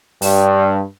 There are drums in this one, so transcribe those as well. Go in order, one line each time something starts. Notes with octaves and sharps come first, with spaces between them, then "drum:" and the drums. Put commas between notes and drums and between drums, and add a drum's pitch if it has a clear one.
G2, drum: open hi-hat